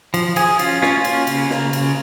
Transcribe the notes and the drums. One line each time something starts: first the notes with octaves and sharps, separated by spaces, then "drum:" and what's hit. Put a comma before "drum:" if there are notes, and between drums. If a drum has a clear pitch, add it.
F3, drum: cymbal
F3 G#4, drum: cymbal
C#4 F4, drum: cymbal
C#4 F4, drum: snare
A#3, drum: cymbal
C#3, drum: cymbal
A#3, drum: snare
C#3, drum: cymbal